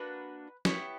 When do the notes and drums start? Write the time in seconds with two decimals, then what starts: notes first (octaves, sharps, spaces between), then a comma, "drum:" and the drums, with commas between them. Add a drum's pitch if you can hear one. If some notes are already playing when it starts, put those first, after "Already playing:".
Already playing: A#3 D4 F#4 B4
0.65 B3 E4 G4 C#5, drum: snare